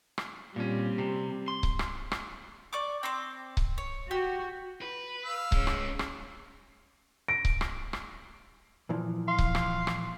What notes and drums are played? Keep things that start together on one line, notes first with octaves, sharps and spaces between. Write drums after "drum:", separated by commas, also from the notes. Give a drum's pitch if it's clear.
drum: rim click
A#2 G3 C4 C#4
C3
C6
drum: kick C#1
drum: rim click
drum: rim click
D5 C#6 D6
C4 C6 D6
drum: kick C#1
C#5
F#4 G4
B4
F5 E6
G#3 C#4, drum: kick C#1
drum: rim click
drum: rim click
A#6 D7
drum: kick C#1
drum: rim click
drum: rim click
A#2 E3 F3
F5 C6
drum: kick C#1
drum: rim click
drum: rim click